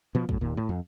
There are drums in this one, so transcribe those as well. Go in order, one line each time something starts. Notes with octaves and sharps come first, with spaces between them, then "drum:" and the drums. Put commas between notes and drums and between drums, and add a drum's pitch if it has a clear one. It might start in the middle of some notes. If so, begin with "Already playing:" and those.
B2 F3 B3
F#2 A2, drum: kick
D#2 A#2
A2
F2